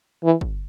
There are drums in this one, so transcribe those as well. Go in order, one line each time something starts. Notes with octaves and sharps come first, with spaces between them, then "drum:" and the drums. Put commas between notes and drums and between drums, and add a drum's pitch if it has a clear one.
E3
drum: kick